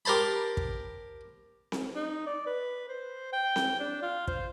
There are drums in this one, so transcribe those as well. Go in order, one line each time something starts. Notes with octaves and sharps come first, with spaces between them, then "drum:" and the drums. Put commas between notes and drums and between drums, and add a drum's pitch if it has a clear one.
G4 A#4 C5 A5 B5
drum: kick
drum: snare C4
D#4
D5
B4
C5
G5
drum: snare C4
D4
F4
C5, drum: kick